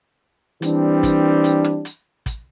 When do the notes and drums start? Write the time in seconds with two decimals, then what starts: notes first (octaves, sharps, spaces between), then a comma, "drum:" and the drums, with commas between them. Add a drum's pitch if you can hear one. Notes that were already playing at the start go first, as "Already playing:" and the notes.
0.62 E3 G3 C4 D4, drum: hi-hat
1.03 drum: kick, hi-hat
1.44 drum: hi-hat
1.64 drum: rim click
1.85 drum: hi-hat
2.26 drum: kick, hi-hat